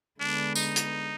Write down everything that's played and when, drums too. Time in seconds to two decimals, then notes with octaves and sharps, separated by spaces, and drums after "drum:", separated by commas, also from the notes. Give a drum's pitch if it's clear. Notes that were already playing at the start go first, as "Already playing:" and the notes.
0.20 D3 G#3 B3 D4
0.55 D#4, drum: tambourine
0.76 drum: hi-hat